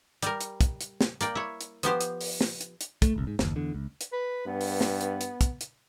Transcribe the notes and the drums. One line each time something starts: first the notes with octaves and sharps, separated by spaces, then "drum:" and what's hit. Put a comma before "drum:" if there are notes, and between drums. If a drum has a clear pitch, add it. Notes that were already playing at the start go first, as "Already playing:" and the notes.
G3 A#4, drum: hi-hat
drum: hi-hat
drum: kick, hi-hat
drum: hi-hat
drum: snare
A#3 D5 G5, drum: hi-hat
E4 C#5
drum: hi-hat
F3 B3 G4 C5, drum: hi-hat
drum: hi-hat
drum: open hi-hat
drum: snare
drum: hi-hat
drum: hi-hat
A3, drum: kick, hi-hat
D#1 C2
G#2
F#1 D#2, drum: snare
E2 D3
C#2
drum: hi-hat
B4
G2 B3
drum: open hi-hat
drum: snare
drum: hi-hat
drum: hi-hat
drum: kick, hi-hat
drum: hi-hat